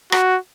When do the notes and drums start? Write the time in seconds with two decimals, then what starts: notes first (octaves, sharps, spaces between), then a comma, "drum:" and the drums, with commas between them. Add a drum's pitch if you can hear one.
0.12 F#4, drum: rim click